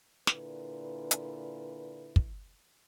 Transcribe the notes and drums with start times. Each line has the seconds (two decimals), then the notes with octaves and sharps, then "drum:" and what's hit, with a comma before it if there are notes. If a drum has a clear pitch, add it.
0.27 A#2 D3 E4 B4, drum: snare
1.11 drum: hi-hat
2.16 drum: kick